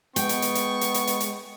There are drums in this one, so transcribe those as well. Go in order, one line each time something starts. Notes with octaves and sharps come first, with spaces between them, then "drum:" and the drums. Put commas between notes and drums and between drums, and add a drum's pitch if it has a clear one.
G#3 B3 G5 C#6, drum: hi-hat
drum: hi-hat
drum: hi-hat
drum: hi-hat
drum: hi-hat
drum: hi-hat
drum: hi-hat
drum: hi-hat